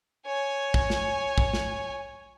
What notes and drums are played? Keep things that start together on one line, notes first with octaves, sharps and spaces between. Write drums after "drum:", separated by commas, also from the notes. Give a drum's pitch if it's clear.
C#5 G#5
drum: kick
drum: snare
drum: kick
drum: snare